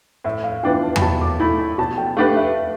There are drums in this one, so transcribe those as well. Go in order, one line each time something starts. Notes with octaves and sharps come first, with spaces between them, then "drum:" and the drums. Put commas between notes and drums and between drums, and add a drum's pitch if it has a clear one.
A2 E5
F5
E3 B3 D4 F4 G5
A5
B5, drum: tom E2
B2 A5
D6
A3 E4 B5
B5
B2 A5
G5
A3 D4 G4 B4 F5
E5